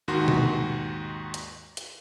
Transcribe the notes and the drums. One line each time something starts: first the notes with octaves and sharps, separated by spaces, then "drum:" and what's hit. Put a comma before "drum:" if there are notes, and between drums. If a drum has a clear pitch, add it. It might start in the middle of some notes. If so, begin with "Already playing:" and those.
D#2 G#2 D#3 F#4 C6
drum: tom B2
drum: hi-hat
drum: hi-hat